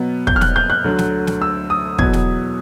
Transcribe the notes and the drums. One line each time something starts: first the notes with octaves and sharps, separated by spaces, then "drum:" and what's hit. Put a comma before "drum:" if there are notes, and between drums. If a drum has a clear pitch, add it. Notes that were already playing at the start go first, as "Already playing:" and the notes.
Already playing: B2 F#3 B3
G6, drum: kick
F6
F#6, drum: snare
G6
F#6
D2 D3 F#3
drum: snare
drum: snare
E6
D#6
E2 B2 F#3 B3 G#6, drum: kick
drum: snare